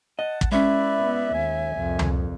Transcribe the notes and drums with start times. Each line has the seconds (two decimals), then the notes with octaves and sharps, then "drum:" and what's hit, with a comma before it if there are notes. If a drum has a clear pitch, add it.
0.19 D#5 F#5 A5
0.41 drum: kick
0.52 G#3 C#4 E4 B4 D5 E5
1.00 B3
1.34 D#2 G#5
1.76 C2 F2
1.99 drum: tom C#2